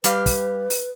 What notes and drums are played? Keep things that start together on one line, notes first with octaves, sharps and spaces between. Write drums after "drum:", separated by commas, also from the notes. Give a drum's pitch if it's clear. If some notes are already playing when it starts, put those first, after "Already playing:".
G3 G4 B4 F5, drum: hi-hat
drum: kick, open hi-hat
drum: open hi-hat